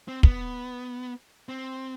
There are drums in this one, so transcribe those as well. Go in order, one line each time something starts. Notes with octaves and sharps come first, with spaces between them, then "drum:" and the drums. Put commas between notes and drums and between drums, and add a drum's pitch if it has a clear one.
C4
B3, drum: kick
C4